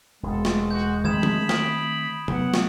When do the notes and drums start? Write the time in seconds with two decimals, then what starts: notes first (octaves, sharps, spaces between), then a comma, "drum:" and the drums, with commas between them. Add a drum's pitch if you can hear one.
0.23 E1 G#3 A4
0.45 drum: snare
0.71 F#4 G6
1.04 D#3 A3 C4 B5 D#6 G#6 E7
1.23 drum: tom E3
1.49 D#6 D7, drum: snare
2.28 F#3 B3 F#5, drum: tom C3
2.54 drum: snare